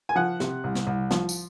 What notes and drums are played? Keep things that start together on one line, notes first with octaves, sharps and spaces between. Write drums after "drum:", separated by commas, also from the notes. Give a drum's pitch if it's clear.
G#5
F3 F#5
C3, drum: snare
C2
drum: snare
C2
F3, drum: snare
drum: tambourine